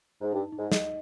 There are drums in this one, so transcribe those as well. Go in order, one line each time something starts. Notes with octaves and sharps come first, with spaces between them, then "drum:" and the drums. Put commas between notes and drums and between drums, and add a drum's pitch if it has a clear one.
G#2
G2 D#4
D#4
G#2
D#5, drum: snare